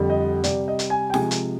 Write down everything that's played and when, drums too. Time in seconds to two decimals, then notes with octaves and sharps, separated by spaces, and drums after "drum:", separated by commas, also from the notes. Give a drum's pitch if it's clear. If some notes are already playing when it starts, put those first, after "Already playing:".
Already playing: F2 D3 G3
0.10 D#5
0.44 C3 G3 D5, drum: hi-hat
0.68 D#5
0.79 drum: hi-hat
0.90 G#5
1.10 G5
1.14 C3 F3 G#3 G#5, drum: snare
1.31 drum: hi-hat